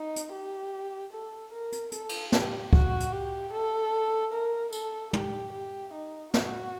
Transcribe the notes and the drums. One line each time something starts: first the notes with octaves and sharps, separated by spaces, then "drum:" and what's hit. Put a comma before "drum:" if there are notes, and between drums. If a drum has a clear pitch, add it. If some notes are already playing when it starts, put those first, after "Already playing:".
Already playing: D#4
drum: hi-hat
G4
A4
A#4
drum: hi-hat
A4, drum: hi-hat
drum: cymbal
G4, drum: snare
F#4, drum: kick C#2
drum: hi-hat
G4
A4
A#4
A4, drum: tambourine
G4, drum: tom
G4
D#4
F#4, drum: snare